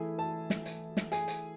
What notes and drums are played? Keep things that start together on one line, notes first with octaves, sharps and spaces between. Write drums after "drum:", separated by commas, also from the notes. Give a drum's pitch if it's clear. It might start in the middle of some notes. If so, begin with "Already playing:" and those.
Already playing: E3 A3 E4 G#4 G#5
A4 A5
drum: snare
drum: hi-hat
drum: snare
G#4 G#5, drum: hi-hat
drum: hi-hat